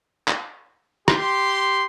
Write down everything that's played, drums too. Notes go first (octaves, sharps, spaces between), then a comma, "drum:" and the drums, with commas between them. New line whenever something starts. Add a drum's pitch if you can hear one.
drum: clap
G4 C6, drum: rim click